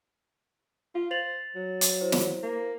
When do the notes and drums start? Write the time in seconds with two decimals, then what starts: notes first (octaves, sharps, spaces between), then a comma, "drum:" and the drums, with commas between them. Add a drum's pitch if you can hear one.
0.95 F4 F5
1.11 C5 A6 F7 F#7
1.55 F#3
1.81 drum: hi-hat
2.01 E4 C5
2.12 drum: snare
2.43 A#3